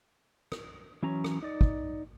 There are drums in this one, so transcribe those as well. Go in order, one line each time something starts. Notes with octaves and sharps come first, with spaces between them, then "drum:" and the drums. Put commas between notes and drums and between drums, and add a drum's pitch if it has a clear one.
drum: rim click
E3 F#3 C#4 A#5
drum: rim click
D#4 D5
drum: kick